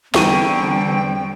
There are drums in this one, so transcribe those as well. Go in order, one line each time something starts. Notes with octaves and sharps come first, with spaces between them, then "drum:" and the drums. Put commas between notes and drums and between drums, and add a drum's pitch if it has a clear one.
E2 D3 G3 C4 G5 C#6 D#7, drum: snare